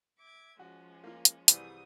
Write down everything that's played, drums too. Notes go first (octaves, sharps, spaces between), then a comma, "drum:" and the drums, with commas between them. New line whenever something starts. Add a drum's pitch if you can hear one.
E5 D6 G#6
F3 G#3 C#4 F#4
A#3 F4
drum: hi-hat
C2 E3 G3 G#4 D#6, drum: hi-hat